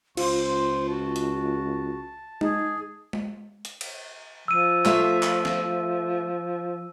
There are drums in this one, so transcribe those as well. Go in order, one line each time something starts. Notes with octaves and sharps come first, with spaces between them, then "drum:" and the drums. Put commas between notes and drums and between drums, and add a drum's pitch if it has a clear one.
C#2 F4 C5 C6, drum: cymbal
F#4 A5
drum: hi-hat
D#4 G#4, drum: tom G#3
drum: tom G#3
drum: hi-hat
drum: cymbal
F3 E6 D#7
A3 F4 E5, drum: clap
drum: clap
drum: snare